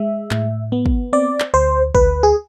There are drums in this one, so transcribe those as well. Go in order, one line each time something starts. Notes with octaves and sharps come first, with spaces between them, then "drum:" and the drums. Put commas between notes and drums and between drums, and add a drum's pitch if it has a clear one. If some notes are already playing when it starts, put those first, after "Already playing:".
Already playing: G#3 E5
A2, drum: clap
B3
drum: kick
C4 D5
drum: clap
D2 C5
D2 B4, drum: kick
G#4